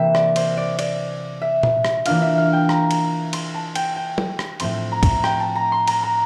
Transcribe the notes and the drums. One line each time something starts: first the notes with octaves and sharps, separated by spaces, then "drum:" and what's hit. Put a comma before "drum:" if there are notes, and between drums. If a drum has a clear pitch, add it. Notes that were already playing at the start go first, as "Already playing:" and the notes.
Already playing: C3 E3 A#3 E5 G5
D5, drum: rim click
C5, drum: cymbal
D5
D5, drum: cymbal
E5
drum: tom A#2
drum: rim click
E3 A#3 D4 F4 F5, drum: cymbal
E5
F5
G5
A#5, drum: rim click
drum: cymbal
C6, drum: cymbal
A5
G5, drum: cymbal
G5
drum: tom F#3
drum: rim click
A2 F3 A3 C4 C6, drum: cymbal
A#5
drum: kick, cymbal
G5, drum: rim click
A5
A#5
C6
A#5, drum: cymbal
A#5